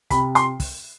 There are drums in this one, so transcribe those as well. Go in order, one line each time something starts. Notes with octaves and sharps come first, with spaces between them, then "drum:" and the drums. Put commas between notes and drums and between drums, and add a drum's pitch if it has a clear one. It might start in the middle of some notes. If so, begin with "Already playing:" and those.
C3 B5, drum: kick, hi-hat
C6, drum: hi-hat
drum: kick, open hi-hat